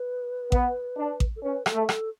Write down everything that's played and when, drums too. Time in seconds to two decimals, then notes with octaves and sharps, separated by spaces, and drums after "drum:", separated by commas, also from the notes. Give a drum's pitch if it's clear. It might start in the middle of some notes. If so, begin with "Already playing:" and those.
Already playing: B4
0.52 B3, drum: kick A1
0.97 D4
1.20 drum: kick A1
1.36 A4
1.43 C#4 B4
1.66 A4, drum: rim click
1.74 A3
1.89 A4, drum: rim click